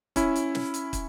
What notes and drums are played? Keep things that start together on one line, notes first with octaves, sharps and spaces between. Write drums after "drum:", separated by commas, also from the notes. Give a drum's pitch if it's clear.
C#4 E4, drum: kick, hi-hat
drum: hi-hat
drum: snare
drum: hi-hat
drum: kick, hi-hat